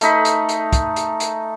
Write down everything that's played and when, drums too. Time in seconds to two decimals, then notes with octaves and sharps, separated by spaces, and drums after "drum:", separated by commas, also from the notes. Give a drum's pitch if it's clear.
0.01 A3 D#4 B5, drum: hi-hat
0.25 drum: hi-hat
0.49 drum: hi-hat
0.73 drum: kick, hi-hat
0.96 drum: hi-hat
1.20 drum: hi-hat